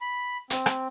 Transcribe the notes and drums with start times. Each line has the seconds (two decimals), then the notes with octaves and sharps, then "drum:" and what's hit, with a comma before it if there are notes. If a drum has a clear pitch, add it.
0.01 B5
0.50 C4, drum: hi-hat
0.66 drum: rim click